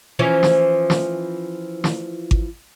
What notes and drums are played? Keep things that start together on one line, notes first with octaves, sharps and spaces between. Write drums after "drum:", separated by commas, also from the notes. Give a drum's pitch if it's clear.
E3 F3 C#4
drum: snare
drum: snare
drum: snare
drum: kick G#1